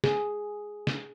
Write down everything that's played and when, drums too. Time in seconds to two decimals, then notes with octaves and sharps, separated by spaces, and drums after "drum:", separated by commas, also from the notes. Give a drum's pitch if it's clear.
0.04 G#4, drum: snare
0.87 drum: snare